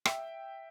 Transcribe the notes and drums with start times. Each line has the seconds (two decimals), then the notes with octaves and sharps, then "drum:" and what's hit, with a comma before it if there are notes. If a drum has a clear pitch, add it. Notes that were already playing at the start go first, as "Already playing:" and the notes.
0.05 E5 G5, drum: rim click